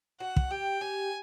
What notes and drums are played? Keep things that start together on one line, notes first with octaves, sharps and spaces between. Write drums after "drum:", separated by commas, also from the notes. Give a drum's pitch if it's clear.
F#4 F#5
drum: kick
G4 G5
G4 G#5